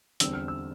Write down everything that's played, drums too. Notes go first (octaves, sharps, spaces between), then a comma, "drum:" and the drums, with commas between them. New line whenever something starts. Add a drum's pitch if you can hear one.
E2 D3 G3 C4 E6, drum: hi-hat
F6
E6